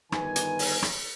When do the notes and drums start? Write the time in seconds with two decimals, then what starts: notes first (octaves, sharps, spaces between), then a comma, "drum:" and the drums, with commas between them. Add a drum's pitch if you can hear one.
0.12 G1 D#3 B4 G#5, drum: rim click
0.36 drum: hi-hat
0.59 drum: open hi-hat
0.82 drum: rim click